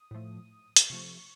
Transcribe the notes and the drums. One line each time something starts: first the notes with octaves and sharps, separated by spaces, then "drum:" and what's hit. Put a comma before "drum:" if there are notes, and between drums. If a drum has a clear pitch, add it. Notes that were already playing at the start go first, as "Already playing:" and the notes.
Already playing: D#6
A2 F3 A3
drum: hi-hat
C3 F3 A3 C#6